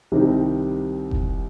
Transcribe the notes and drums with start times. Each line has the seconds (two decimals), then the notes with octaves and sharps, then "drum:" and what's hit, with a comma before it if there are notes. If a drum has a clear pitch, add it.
0.12 C2 C3 D#3 G3 C4
1.11 drum: kick F1